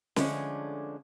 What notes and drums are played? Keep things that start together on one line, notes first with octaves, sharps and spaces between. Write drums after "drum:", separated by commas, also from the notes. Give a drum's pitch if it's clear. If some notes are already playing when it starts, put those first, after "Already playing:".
D3 F3 G#3 A3 C#4 D4, drum: snare